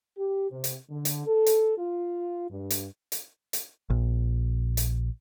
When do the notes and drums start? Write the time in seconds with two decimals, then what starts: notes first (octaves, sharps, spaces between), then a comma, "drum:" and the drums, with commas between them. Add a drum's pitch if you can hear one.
0.17 G4
0.51 C3
0.64 drum: hi-hat
0.90 D3
1.05 drum: hi-hat
1.26 A4
1.46 drum: hi-hat
1.77 F4
2.50 G2
2.70 drum: hi-hat
3.12 drum: hi-hat
3.53 drum: hi-hat
3.90 A#1
4.77 drum: hi-hat